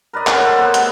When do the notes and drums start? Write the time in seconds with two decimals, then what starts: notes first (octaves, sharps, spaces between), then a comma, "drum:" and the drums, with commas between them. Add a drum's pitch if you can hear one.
0.13 A#4 B4 D5 D#5
0.27 C#5 F#5, drum: clap
0.41 A4 C5
0.58 A#3 B3
0.74 C3 G#3, drum: hi-hat